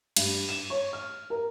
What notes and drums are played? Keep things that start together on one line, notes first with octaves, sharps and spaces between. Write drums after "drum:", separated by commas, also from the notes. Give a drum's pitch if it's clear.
G2, drum: cymbal
E7
C#5
F6
A#4